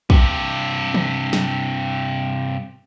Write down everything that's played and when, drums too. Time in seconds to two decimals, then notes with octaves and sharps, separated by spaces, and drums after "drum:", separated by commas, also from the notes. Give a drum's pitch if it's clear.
0.10 G2 C3, drum: kick
0.94 drum: tom
1.33 drum: snare